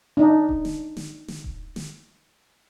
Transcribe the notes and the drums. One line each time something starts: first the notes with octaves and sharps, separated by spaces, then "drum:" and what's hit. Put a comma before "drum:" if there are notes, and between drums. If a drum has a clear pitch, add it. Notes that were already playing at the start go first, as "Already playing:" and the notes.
D4 D#4
drum: kick D#1
drum: snare
drum: snare
drum: snare
drum: kick D#1
drum: snare